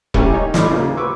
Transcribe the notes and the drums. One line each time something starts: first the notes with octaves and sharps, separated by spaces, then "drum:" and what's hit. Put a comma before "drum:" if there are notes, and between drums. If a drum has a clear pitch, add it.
G3 A#3 C#4 E4 G4, drum: kick E1
D#4 C#5
A1 A2 F4 D5 D#5 B5, drum: snare
D#2 C#3 F3 A#3 C#4
B4 C#6 D6 E6